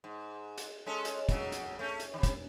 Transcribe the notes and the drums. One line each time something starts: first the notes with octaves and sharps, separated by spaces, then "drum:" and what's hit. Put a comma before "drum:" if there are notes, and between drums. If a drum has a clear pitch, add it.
G#2
drum: hi-hat
G#3 C#4 A4
drum: hi-hat
C#3 F#3, drum: kick, hi-hat
drum: hi-hat
A3 C#4
drum: hi-hat
C3 D#3
drum: kick, hi-hat